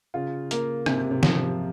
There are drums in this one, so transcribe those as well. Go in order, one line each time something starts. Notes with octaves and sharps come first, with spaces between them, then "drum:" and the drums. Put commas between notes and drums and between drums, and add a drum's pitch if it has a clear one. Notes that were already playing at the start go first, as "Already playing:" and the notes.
C#3 F4
A#3, drum: hi-hat
C3 A#3, drum: rim click
C3
F3, drum: snare
C3